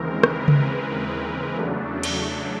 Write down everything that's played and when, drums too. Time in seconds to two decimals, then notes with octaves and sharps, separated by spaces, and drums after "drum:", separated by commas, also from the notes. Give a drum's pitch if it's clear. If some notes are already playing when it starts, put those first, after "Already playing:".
Already playing: D#2 C#3 E3 G#3 C4 A#4
0.23 B4, drum: rim click
0.48 drum: tom C#3
0.68 A#4
1.56 E2 C#3 F#3 A3 D4
2.03 drum: cymbal